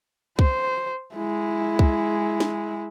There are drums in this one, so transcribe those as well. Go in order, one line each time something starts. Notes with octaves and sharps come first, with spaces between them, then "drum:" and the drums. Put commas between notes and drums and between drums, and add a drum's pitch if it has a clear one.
C5, drum: kick
G#3 E4
drum: kick
drum: snare